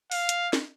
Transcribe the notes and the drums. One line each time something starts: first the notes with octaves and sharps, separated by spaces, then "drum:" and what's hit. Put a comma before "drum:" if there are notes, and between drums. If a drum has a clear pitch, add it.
F5, drum: open hi-hat
drum: hi-hat
drum: snare